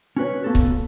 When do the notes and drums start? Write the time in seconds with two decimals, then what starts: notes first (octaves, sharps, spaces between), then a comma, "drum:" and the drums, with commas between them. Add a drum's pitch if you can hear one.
0.17 C#4 F#4 B4 C#5
0.44 A#3 B3 F#4 A4
0.55 drum: kick C#1